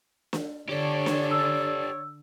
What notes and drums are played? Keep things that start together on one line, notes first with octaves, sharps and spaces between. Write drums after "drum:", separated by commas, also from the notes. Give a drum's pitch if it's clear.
drum: snare
D3 G4 A4 C#5 D5
drum: snare
E6